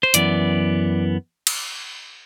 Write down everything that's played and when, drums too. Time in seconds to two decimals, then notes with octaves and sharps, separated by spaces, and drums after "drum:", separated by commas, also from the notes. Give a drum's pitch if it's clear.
0.03 C5
0.14 F#2 E3 B3 D5, drum: hi-hat
1.47 drum: cymbal